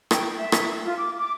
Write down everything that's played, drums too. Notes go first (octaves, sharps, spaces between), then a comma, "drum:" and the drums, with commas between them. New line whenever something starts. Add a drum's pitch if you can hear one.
G5, drum: rim click
E5
drum: rim click
E6
F4
D6
D6